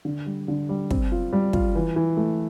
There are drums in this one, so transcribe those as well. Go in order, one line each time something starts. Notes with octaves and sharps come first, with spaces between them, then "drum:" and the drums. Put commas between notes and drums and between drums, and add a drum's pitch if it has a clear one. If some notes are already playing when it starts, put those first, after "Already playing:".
D3
G3
D3
G3
C4, drum: kick
F4
G3
F4, drum: kick
E3
E3
A3